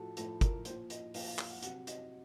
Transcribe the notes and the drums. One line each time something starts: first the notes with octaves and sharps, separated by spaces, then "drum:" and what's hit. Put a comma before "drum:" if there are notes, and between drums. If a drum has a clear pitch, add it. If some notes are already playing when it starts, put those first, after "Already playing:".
Already playing: A2 F3 F#4 A4
A2 F3 A4, drum: hi-hat
A#4, drum: kick, hi-hat
A#2 F3 C5, drum: hi-hat
D#5, drum: hi-hat
A#2 F3 F5, drum: open hi-hat
F5
F5, drum: clap
F#5
C3 F#3 F#5, drum: hi-hat
D#5, drum: hi-hat